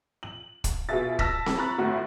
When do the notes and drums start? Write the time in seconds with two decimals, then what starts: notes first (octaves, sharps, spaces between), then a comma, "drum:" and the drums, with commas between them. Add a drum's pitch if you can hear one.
0.23 F#7
0.64 drum: kick, hi-hat
0.89 B2 F4 G#4 E5 A6
1.19 A5 E6 A#6 B6, drum: kick
1.46 drum: snare C4
1.58 A#5 B5 C#6 F#6 A6
1.78 G1 A2 F#4